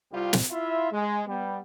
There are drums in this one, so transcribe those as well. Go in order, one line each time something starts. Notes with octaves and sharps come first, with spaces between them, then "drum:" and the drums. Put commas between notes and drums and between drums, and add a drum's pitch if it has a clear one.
C2 G3 F4
drum: snare
E4 F4 E5
G#3
G3 B3